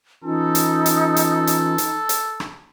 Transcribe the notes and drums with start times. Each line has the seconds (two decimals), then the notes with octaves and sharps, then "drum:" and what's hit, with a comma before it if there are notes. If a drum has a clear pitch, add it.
0.24 E3 C#4 D#4 F4 A4
0.55 drum: hi-hat
0.86 drum: hi-hat
1.16 drum: hi-hat
1.47 drum: hi-hat
1.78 drum: hi-hat
2.09 drum: hi-hat
2.40 drum: rim click